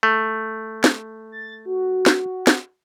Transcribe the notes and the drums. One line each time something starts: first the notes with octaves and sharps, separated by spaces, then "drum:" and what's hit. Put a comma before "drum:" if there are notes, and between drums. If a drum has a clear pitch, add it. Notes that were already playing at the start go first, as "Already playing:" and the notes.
A3
drum: snare
A6
F#4
drum: snare
drum: snare